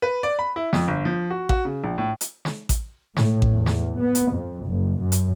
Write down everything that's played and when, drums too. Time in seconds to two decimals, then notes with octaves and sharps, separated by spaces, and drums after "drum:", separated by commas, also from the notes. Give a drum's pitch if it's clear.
0.02 B4
0.23 D5
0.39 B5
0.56 E4
0.73 F2, drum: snare
0.88 G1
1.05 F3
1.30 F#4
1.49 F#4, drum: kick A1
1.65 C#3
1.84 A#1
1.98 A2
2.21 drum: hi-hat
2.45 drum: snare
2.69 drum: kick A1, hi-hat
3.17 A2, drum: snare
3.42 drum: kick A1
3.53 E2
3.66 drum: snare
3.99 B3
4.15 drum: hi-hat
4.31 F2
4.67 F#1
5.01 F#2
5.12 drum: hi-hat